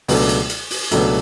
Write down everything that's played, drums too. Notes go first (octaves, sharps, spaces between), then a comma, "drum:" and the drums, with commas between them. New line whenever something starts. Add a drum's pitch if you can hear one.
C#2 B2 F#3 A3 D4, drum: open hi-hat
drum: hi-hat
drum: hi-hat
drum: open hi-hat
C#2 B2 F#3 A3 D4, drum: hi-hat